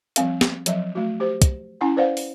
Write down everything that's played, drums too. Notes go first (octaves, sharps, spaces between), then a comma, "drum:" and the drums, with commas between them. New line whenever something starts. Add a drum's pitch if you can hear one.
F3 G3 C4 F5, drum: hi-hat
drum: snare
F3 F#3 E5, drum: hi-hat
A3 F#4
G4 C5
drum: kick, hi-hat
C#4 E4 F#5 G#5 B5
B4 C5 D5 F5 F#5
drum: open hi-hat